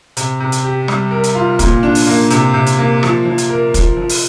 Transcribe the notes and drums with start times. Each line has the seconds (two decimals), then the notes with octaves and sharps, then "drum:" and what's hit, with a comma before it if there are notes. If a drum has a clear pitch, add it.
0.17 C3, drum: hi-hat
0.40 C3
0.52 drum: hi-hat
0.64 G4
0.88 G3, drum: rim click
1.11 A#4
1.24 drum: hi-hat
1.35 F4
1.59 A#2, drum: kick, hi-hat
1.83 D4
1.95 drum: open hi-hat
2.07 A#3
2.30 C3, drum: hi-hat
2.54 C3
2.66 drum: hi-hat
2.79 A#3
3.03 F3, drum: rim click
3.25 F3
3.38 drum: hi-hat
3.49 A#4
3.74 F3, drum: kick, hi-hat
3.97 F3
4.09 drum: open hi-hat